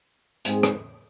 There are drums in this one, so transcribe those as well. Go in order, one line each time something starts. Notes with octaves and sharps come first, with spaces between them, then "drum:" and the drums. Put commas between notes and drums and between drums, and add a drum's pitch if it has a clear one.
G#2 G#3 C4 G#4, drum: hi-hat
drum: rim click